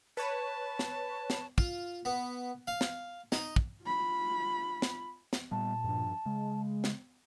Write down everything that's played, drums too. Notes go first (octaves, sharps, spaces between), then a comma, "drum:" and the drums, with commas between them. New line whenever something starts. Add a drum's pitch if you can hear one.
B4 C#5 A5
drum: snare
drum: snare
F4, drum: kick
B3
F5
drum: snare
D#4, drum: snare
drum: kick
F4 B5
drum: snare
drum: snare
A#2 G3 B3 A5
G2 F3 D4
C#3 G#3
drum: snare